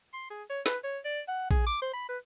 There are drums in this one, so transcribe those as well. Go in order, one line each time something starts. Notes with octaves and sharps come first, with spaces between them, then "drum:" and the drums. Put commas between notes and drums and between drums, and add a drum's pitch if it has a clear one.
C6
G#4
C#5
B4, drum: snare
C#5
D5
F#5
G#4, drum: kick A#1
D6
C5
B5
B4